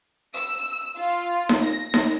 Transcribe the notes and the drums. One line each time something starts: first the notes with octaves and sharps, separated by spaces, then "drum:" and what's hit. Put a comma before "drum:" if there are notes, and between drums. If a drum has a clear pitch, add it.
E6
F4
drum: snare D#4
A#6
drum: snare D#4